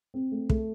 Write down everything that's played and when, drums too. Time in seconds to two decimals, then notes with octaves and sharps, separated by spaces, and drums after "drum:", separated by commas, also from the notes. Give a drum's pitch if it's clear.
0.14 C4
0.32 A3
0.50 A3, drum: kick